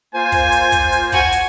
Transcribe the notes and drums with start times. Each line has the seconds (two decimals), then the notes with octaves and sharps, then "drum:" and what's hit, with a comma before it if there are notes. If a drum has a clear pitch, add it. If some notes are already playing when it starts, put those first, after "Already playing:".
0.14 A#3 F4 C5 G#5
0.32 drum: kick, open hi-hat
0.52 drum: hi-hat
0.72 drum: kick, hi-hat
0.92 drum: hi-hat
1.12 F#4 G#5, drum: kick, open hi-hat
1.32 drum: hi-hat